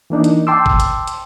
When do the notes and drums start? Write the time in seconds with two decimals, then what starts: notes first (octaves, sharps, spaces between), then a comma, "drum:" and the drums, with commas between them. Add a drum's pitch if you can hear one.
0.10 E3 A#3 D4 D#4
0.24 drum: hi-hat
0.47 G5 A5 C6 D6 E6
0.66 drum: kick G#1
0.80 drum: hi-hat
1.07 drum: hi-hat